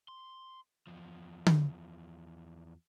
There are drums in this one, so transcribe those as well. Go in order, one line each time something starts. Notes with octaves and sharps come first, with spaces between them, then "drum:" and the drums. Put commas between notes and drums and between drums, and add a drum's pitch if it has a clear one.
C6
E2 F3
drum: tom D3